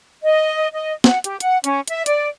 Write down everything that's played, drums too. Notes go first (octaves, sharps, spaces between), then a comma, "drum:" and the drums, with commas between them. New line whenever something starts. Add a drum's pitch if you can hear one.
D#5
D#5
F#5, drum: snare
G4, drum: hi-hat
F#5, drum: hi-hat
C#4, drum: hi-hat
E5, drum: hi-hat
D5, drum: hi-hat